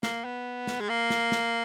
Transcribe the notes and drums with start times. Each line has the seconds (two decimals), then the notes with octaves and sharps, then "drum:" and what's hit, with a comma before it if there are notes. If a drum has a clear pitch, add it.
0.03 A#3, drum: snare
0.24 B3
0.67 drum: snare
0.81 G#3
0.89 A#3
1.10 drum: snare
1.32 drum: snare